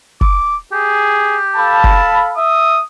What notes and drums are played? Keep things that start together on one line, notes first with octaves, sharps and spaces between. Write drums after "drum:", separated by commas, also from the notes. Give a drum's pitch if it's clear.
D6, drum: kick
G4 G#4
A4 F5 A5 B5
drum: kick
E5 D#6